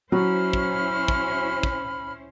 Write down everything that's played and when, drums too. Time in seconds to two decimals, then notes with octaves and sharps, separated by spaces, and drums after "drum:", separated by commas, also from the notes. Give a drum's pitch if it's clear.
0.12 F#3 C#4 E4 C5 B5 F6
0.53 drum: kick
1.08 drum: kick
1.63 drum: kick